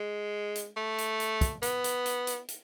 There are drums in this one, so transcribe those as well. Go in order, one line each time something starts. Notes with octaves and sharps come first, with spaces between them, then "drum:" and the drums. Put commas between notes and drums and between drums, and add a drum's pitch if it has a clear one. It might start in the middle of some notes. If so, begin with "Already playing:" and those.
Already playing: G#3
drum: hi-hat
A3
drum: hi-hat
drum: hi-hat
drum: kick, hi-hat
B3, drum: hi-hat
drum: hi-hat
drum: hi-hat
drum: hi-hat
drum: hi-hat